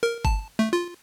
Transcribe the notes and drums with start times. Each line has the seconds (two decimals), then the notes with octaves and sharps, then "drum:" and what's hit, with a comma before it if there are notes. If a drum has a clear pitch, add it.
0.03 A#4
0.25 A5, drum: kick G1
0.59 A3
0.73 F4